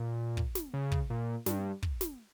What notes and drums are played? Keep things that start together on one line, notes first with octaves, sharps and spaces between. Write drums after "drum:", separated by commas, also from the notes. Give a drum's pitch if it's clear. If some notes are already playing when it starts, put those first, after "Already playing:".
Already playing: A#2
drum: kick
drum: snare
C#3
drum: kick
A#2
G2, drum: snare
drum: kick
drum: snare